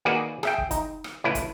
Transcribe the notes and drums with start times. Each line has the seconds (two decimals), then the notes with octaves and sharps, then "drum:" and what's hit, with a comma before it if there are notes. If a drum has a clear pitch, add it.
0.05 D#3 A#3 F#4 G#4 B4 D5
0.43 G#4 E5 G5, drum: rim click
0.58 drum: kick
0.71 D#4, drum: kick, hi-hat
1.04 drum: rim click
1.24 C#2 A2 E4 B4
1.35 drum: kick, hi-hat